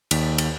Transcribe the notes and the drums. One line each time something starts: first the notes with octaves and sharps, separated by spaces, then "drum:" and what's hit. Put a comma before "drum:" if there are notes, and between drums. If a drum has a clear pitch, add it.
D#2, drum: cymbal
drum: cymbal